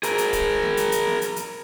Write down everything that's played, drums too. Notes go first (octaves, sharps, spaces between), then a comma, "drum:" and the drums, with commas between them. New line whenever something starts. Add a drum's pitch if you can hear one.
G#4 A#4, drum: hi-hat
drum: hi-hat
drum: kick, hi-hat
drum: snare
drum: hi-hat
drum: hi-hat
drum: snare
drum: hi-hat
drum: hi-hat